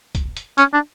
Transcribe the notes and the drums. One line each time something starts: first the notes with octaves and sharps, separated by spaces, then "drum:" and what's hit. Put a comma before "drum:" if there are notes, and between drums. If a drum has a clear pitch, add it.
drum: kick, hi-hat
drum: hi-hat
C#4, drum: hi-hat
D4